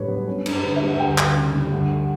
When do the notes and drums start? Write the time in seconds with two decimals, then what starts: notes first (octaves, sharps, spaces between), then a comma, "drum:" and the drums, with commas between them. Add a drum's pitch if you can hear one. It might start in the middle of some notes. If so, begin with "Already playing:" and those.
Already playing: A2 F#3 G3 D4 B4 C#5
0.08 B3
0.28 C#4
0.46 G2, drum: cymbal
0.64 D3 B4
0.76 E5
0.82 G3
0.88 F#5
1.00 D2 G5
1.18 D2, drum: clap
1.36 C#3
1.54 G3
1.72 D2 F#5
1.91 F#5